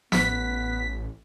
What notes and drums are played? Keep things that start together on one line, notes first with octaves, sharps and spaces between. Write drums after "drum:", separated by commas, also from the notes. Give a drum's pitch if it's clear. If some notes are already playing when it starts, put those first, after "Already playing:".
A1 B3 B6, drum: snare